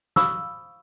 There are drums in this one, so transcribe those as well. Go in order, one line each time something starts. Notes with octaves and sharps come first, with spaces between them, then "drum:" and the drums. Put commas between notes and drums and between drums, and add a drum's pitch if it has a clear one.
C5 F5 B5 C#6 D#6 E6, drum: snare